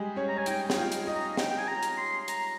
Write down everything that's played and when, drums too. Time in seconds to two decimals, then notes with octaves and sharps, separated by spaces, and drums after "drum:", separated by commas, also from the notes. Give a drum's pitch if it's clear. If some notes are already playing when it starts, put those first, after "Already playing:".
Already playing: G3 G#3 G4 G#4
0.16 C#4 C#5
0.28 A#5
0.36 C#5 G#5
0.46 D#4 D#5 G5, drum: hi-hat
0.70 G5, drum: snare
0.76 F4 F5
0.92 G5, drum: hi-hat
1.07 D#4 D#5
1.15 A#5
1.37 G5, drum: snare
1.50 G5
1.58 G#5
1.68 A#5
1.83 drum: hi-hat
1.97 C6
2.28 A#5, drum: hi-hat